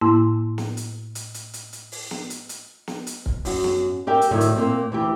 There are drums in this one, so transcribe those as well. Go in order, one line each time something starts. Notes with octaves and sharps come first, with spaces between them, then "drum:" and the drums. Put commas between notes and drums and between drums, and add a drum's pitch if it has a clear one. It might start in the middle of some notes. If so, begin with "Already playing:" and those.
A2 A#3 E4 A5 C6 E6
drum: snare
drum: hi-hat
drum: hi-hat
drum: hi-hat
drum: hi-hat
drum: hi-hat
drum: open hi-hat
drum: snare
drum: hi-hat
drum: hi-hat
drum: snare
drum: hi-hat
drum: kick
F#2 F#4, drum: open hi-hat
drum: snare
G4 A#4 E5 G5
drum: hi-hat
A2 D3 D#3 F#3 G3 A3
drum: hi-hat
A#2 A#3 C4
D2 E3 G4